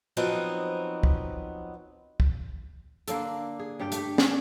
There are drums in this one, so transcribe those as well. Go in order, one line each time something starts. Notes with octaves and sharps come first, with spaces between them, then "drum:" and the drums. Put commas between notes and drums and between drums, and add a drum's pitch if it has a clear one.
F3 F#3 B3 C4 D#4
drum: kick
drum: kick
D3 A#3 D4 A4, drum: hi-hat
G#4
G2 G4 D5 G5
A3 G4, drum: hi-hat
G#4, drum: snare